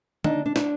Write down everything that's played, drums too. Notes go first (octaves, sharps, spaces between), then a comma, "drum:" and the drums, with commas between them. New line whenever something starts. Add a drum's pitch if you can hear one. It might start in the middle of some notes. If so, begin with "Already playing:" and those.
D4 D#4, drum: tom D3
D4
D4, drum: snare